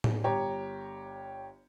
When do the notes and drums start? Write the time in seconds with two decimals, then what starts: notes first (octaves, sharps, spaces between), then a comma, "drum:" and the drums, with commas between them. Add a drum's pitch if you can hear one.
0.04 drum: tom A2
0.24 G1 G4 C#5 A#5